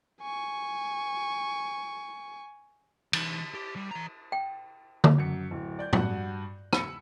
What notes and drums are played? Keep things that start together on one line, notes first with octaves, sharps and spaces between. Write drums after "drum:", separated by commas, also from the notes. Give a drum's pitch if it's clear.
G#5 C#6
E3 D#4, drum: cymbal
G4
G3
E3 A#5
G5
drum: tom D3
F#2 C#7
D1
D5 G6
G2 F#4 F#5, drum: tom
B5 E6 C#7, drum: rim click